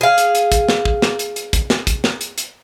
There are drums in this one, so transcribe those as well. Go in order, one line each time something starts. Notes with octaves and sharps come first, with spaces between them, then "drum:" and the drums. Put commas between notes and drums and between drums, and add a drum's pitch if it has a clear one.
G#4 F5
drum: hi-hat
drum: hi-hat
drum: kick, hi-hat
drum: snare
drum: kick
drum: snare
drum: hi-hat
drum: hi-hat
drum: kick, hi-hat
drum: snare
drum: kick, hi-hat
drum: snare
drum: hi-hat
drum: hi-hat